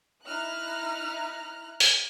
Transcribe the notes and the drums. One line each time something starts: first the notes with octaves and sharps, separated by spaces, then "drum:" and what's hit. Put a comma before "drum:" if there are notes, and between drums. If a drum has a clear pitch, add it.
D#4 E4 A#5 F6 F#6
drum: open hi-hat